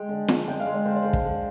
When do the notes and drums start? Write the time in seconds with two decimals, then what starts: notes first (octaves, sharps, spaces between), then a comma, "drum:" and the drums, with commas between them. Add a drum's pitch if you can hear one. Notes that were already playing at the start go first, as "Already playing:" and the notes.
Already playing: G#3 G5
0.09 D3
0.28 D3, drum: snare
0.48 G#3 G5
0.60 F5
0.66 G#3
0.73 D5
0.85 D3 C5
0.94 D5
1.02 D3 C5
1.13 drum: kick
1.25 D3